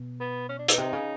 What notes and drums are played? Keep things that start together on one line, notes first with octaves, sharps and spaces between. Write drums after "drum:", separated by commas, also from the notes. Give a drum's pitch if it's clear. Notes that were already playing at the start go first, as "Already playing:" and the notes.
Already playing: B2
B3
C#4
D4
D#4, drum: hi-hat
C3
C#3